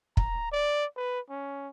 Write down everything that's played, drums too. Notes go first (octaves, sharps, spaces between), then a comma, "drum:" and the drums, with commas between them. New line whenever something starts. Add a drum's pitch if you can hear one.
A#5, drum: kick
D5
B4
C#4